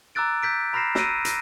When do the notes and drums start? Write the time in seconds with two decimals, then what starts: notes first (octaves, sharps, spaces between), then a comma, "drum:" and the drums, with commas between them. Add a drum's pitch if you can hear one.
0.15 A#5 D6 E6 F#6 A6 D7
0.42 E6 G6 B6 D7
0.73 A#5 B5 F6 A#6 C7 E7
0.95 A#5 E6 F#6 A#6 D7 D#7, drum: snare
1.25 A#6, drum: hi-hat